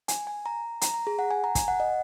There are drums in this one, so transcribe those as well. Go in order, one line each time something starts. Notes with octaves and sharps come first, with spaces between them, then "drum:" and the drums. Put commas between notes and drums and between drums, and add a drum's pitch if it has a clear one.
G#5, drum: hi-hat
G#5
A#5
A#5, drum: hi-hat
A#5
G#4
F#5
G#5
A#5
G#5, drum: kick, hi-hat
F#5
D#5